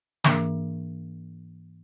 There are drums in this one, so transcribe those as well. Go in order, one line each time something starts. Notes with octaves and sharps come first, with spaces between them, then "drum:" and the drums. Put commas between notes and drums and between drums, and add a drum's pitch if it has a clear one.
G#2 E3 A#3 D4 A#4, drum: snare